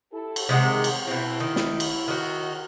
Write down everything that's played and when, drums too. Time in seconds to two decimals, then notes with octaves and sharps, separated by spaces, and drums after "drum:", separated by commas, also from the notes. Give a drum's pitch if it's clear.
0.12 E4 G4 A4
0.36 drum: cymbal
0.49 C3 D#3 E3 G#3 F#5
0.84 drum: cymbal
1.07 B2 C4 E4
1.40 D#3
1.56 drum: snare
1.80 drum: cymbal
2.08 D#3 F#4